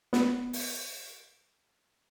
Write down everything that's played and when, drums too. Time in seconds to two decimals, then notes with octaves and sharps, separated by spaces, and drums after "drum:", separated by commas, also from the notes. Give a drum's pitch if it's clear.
0.13 B3, drum: snare
0.53 drum: open hi-hat